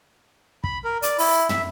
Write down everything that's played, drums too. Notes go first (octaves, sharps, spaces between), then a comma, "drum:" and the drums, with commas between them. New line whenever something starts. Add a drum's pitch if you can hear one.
B5, drum: kick
A#4
D5, drum: hi-hat
E4, drum: open hi-hat
E5, drum: tom